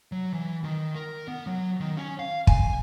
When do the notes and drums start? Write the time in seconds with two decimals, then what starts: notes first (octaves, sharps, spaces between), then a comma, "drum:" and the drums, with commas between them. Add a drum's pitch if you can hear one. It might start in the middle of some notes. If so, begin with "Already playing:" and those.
0.12 F#3
0.33 E3
0.64 D#3
0.95 A#4
1.28 B3
1.47 F#3
1.80 D#3
1.97 C#4
2.19 F5
2.47 G#5, drum: kick